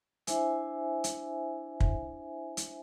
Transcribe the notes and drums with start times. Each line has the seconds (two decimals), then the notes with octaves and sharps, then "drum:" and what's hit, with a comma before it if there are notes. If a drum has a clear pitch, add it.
0.27 D4 E4 C5 E5 G#5, drum: hi-hat
1.04 drum: hi-hat
1.80 drum: kick
2.57 drum: hi-hat